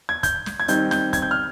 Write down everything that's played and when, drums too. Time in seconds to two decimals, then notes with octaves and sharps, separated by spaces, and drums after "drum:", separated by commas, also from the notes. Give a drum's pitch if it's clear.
0.09 G#6
0.23 G6, drum: kick, hi-hat
0.46 drum: snare
0.60 G#6
0.68 D#3 G3 C4 D#4 G6, drum: hi-hat
0.91 G6, drum: snare
1.13 G#6, drum: kick, hi-hat
1.22 G6
1.31 F6